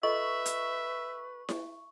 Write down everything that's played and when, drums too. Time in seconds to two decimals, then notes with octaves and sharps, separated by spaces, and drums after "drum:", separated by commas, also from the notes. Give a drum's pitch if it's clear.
0.03 F4 A4 B4 D#5 E5 C#6
0.46 drum: hi-hat
1.49 drum: snare E4